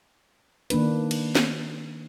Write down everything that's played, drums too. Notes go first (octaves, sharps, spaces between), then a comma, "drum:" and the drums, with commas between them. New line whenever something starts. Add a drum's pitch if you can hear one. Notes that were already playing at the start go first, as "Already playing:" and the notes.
D#3 A#3 D4 B4, drum: hi-hat
drum: cymbal
drum: snare